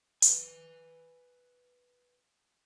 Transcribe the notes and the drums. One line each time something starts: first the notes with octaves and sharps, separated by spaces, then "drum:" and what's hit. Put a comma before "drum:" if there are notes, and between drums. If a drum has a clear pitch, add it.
B4 G#5, drum: hi-hat